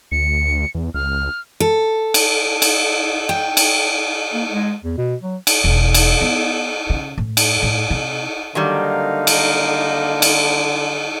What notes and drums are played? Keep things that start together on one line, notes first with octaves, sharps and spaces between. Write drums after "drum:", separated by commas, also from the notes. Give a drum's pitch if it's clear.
D2 C#7
E2
C#2 F6
A4
drum: cymbal
drum: cymbal
G5
drum: cymbal
A#3
G#3
E2
B2
F#3
drum: cymbal
E1
drum: cymbal
B3
C#3
A2
drum: cymbal
A2
C3
D3 D#3 F#3 G3 A#3 D#4 F5
drum: cymbal
drum: cymbal